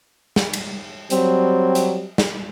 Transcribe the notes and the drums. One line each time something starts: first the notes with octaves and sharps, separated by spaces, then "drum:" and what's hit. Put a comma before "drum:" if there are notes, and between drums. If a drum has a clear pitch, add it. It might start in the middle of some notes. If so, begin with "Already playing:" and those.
drum: snare
drum: cymbal
F#3 G3 C4, drum: hi-hat
drum: hi-hat
drum: snare